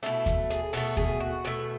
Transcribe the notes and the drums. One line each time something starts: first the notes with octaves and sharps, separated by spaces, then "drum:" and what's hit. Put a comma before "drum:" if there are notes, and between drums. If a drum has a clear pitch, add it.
B2 A3 E4, drum: hi-hat
drum: kick D#2, hi-hat
G#4, drum: hi-hat
B2 A3 A4, drum: open hi-hat
G#4, drum: kick D#2
F#4
B2 A3 E4